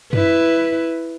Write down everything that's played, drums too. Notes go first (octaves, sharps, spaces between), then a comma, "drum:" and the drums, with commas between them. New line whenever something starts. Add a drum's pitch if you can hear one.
E4 B4, drum: tom F#2